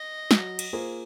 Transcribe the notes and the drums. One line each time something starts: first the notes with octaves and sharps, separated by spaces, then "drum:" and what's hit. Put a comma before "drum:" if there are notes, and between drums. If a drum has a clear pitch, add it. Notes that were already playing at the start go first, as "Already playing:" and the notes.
Already playing: D#5
F#3, drum: snare
drum: cymbal
A#3 F4 G#4 C5